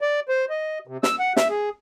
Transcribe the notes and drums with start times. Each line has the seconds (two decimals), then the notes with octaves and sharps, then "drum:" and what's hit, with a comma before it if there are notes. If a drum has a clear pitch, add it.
0.01 D5
0.29 C5
0.50 D#5
0.87 C3
1.03 E6, drum: snare
1.19 F#5
1.37 E5, drum: snare
1.50 G#4